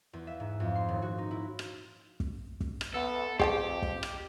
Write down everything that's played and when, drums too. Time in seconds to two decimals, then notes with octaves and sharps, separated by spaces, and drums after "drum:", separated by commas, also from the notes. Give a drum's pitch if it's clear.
0.13 E2
0.27 E5
0.40 G#2
0.60 F2
0.75 C6
0.88 D#1
1.02 F#4
1.18 D#4
1.31 E4
1.59 drum: rim click
2.20 drum: kick
2.61 drum: kick
2.81 drum: rim click
2.94 B3 A4
3.40 F2 G4 G#4 G5 A5, drum: kick
3.82 drum: kick
4.03 drum: rim click